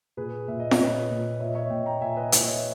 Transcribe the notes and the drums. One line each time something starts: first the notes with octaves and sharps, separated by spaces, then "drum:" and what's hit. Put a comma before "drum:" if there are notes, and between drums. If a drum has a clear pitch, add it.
A#2 G#4 B4
A#2 E5
D#5
C#5, drum: snare F4
A#2 B4 D#5
A#2
A#2 C#5 E5
D#5
C#5 E5
A#2 D#5 G5
G5 A#5
A#2 E5 G#5
B4 D#5
A#2 B4 D#5, drum: hi-hat
C#5 E5